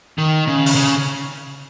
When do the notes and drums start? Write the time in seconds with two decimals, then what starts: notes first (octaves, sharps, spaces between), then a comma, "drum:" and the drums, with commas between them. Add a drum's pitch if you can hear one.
0.18 D#3
0.47 C#3
0.66 drum: open hi-hat
0.75 C#3